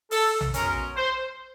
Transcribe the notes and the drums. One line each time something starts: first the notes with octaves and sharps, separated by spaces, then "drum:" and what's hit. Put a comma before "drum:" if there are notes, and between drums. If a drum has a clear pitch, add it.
A4, drum: open hi-hat
drum: tom A#1
B2 G#3 C#4 A#4, drum: hi-hat
C5